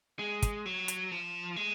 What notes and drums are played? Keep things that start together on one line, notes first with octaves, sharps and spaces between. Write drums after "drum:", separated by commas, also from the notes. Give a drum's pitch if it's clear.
G#3
drum: kick, hi-hat
F#3
drum: hi-hat
F3
G#3